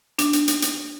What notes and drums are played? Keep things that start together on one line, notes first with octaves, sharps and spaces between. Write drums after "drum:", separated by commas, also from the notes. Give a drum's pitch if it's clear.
D4, drum: hi-hat
drum: hi-hat
drum: hi-hat
drum: hi-hat